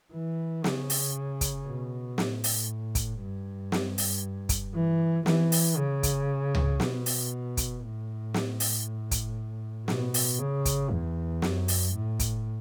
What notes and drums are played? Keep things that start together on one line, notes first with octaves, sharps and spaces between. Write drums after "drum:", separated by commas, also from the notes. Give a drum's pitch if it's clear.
E3
C#3, drum: snare
drum: open hi-hat
drum: kick, hi-hat
B2
A2, drum: snare
drum: open hi-hat
drum: kick, hi-hat
G2
drum: snare
drum: open hi-hat
drum: kick, hi-hat
E3
E3, drum: snare
drum: open hi-hat
C#3
drum: kick, hi-hat
drum: tom C#2
B2, drum: snare
drum: open hi-hat
drum: kick, hi-hat
A2
drum: snare
drum: open hi-hat
drum: kick, hi-hat
B2, drum: snare
drum: open hi-hat
C#3
drum: kick, hi-hat
E2
F#2, drum: snare
drum: open hi-hat
A2
drum: kick, hi-hat